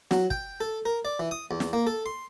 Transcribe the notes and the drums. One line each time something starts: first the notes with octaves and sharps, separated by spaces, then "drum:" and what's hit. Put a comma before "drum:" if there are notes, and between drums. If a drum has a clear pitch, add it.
F#3, drum: snare
G5, drum: kick
A4
A#4
D5
E3
D#6
E2
drum: snare
A#3
A4
C6